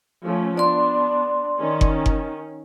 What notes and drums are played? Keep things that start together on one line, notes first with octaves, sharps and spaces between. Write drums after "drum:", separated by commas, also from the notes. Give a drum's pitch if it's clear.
F3 A3 C#4
B3 D4 D5 C6
D#3 C#4
drum: kick F#1
drum: kick F#1